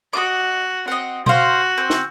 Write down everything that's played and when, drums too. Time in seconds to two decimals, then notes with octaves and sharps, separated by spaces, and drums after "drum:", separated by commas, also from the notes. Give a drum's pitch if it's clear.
0.13 F#4 D#5 D6
0.88 C4 D#5 F#5
1.26 F#4 C5 F5, drum: tom B2
1.78 C4
1.90 drum: snare